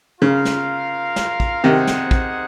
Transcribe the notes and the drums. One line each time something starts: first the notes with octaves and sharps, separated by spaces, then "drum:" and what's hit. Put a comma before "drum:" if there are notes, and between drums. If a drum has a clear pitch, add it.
C#3 F4 A#4 F5
drum: snare
drum: snare
drum: kick
C3 D#3 D#4 G#4 C5 F#5
drum: snare
drum: kick